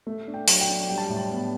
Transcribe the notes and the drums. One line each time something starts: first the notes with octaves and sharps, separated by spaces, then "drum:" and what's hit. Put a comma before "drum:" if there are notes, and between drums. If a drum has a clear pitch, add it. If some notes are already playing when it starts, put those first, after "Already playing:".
A3
D4
G5
F#3, drum: open hi-hat
G5
D4
G3 G5
A5
A2 G5
A5
B3